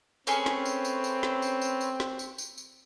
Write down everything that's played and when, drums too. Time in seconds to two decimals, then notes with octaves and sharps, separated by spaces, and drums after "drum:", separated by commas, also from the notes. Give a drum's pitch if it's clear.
0.27 A3 C4 C#4 G#4 B4 C#5, drum: tambourine
0.46 drum: snare
0.65 drum: tambourine
0.85 drum: tambourine
1.04 drum: tambourine
1.23 drum: snare
1.42 drum: tambourine
1.61 drum: tambourine
1.81 drum: tambourine
2.00 drum: snare
2.19 drum: tambourine
2.38 drum: tambourine
2.58 drum: tambourine